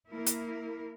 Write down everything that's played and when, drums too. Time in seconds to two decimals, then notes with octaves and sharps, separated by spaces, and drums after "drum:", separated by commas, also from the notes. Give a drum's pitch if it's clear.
0.11 A#3 E4 A#4
0.26 drum: hi-hat